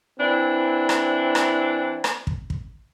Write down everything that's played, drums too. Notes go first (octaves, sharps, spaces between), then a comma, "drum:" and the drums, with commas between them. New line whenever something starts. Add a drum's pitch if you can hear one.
E3 C4 D4 E4
drum: rim click
drum: rim click
drum: rim click
drum: kick
drum: kick